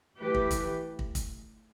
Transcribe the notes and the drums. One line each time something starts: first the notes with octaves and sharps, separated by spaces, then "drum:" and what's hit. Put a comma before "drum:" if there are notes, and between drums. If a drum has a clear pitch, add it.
E3 A3 G4 B4
drum: kick
drum: kick, hi-hat
drum: kick
drum: kick, hi-hat